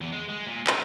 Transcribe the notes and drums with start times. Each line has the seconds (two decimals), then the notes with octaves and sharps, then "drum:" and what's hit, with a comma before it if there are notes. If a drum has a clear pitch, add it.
0.01 E2
0.13 G#3
0.29 G#3
0.46 A#2
0.67 C#4 D#4, drum: clap